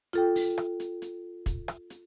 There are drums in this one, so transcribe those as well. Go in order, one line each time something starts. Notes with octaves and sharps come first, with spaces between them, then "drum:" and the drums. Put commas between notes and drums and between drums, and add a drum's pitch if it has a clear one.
F4 A4 G5, drum: hi-hat
drum: open hi-hat
drum: rim click
drum: hi-hat
drum: hi-hat
drum: kick, hi-hat
drum: rim click
drum: hi-hat